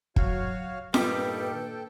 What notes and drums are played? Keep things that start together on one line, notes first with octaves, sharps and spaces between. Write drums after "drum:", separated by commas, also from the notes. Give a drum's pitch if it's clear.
F#3 F#4 C#5 F5, drum: kick
G2 A#2 D#3 G3 A4 B4 G5, drum: snare